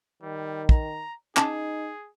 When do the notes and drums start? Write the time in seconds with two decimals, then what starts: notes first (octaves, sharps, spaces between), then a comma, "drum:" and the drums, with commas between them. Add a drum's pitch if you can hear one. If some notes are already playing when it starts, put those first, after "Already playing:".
0.23 D#3 G3
0.69 A#5, drum: kick
1.37 C#4 D#4 G#4 A5 D6, drum: clap